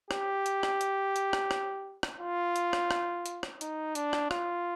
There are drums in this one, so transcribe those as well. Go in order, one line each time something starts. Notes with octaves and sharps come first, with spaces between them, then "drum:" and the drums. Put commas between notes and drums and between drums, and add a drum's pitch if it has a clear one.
G4, drum: rim click
drum: hi-hat
drum: rim click
drum: hi-hat
drum: hi-hat
drum: rim click
drum: rim click
drum: rim click
F4
drum: hi-hat
drum: rim click
drum: rim click
drum: hi-hat
drum: rim click
D#4, drum: hi-hat
D4, drum: hi-hat
drum: rim click
F4, drum: rim click